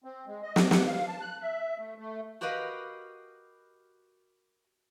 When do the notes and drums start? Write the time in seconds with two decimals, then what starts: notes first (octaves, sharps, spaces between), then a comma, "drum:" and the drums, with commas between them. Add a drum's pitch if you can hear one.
0.04 C4
0.26 G#3
0.43 D#5
0.56 drum: snare
0.71 F#5, drum: snare
0.87 F5
1.08 A5
1.21 F#6
1.42 E5
1.78 A3
1.98 A3
2.41 F#4 G4 A#4 B4 D#5 F5